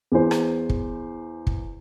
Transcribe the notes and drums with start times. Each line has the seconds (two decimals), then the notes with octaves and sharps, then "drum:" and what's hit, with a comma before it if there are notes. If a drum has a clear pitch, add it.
0.12 E2 E3 C5
0.31 drum: rim click
0.69 drum: kick
1.47 drum: kick